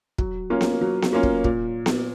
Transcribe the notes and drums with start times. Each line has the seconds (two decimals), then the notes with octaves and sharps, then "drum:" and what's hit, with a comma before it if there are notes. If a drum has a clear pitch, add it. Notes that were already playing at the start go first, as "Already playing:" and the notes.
0.18 F#3, drum: kick
0.50 A#3 C#4 F4
0.61 drum: snare B3
0.81 F#3
1.02 drum: snare B3
1.13 A#3 C#4 F4
1.23 drum: kick
1.44 A#2, drum: kick
1.86 drum: snare B3